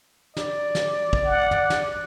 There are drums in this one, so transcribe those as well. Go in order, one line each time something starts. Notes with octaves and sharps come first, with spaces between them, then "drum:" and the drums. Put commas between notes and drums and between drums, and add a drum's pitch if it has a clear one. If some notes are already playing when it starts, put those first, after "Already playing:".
D5, drum: snare
drum: snare
drum: kick
F#5
drum: tom
drum: snare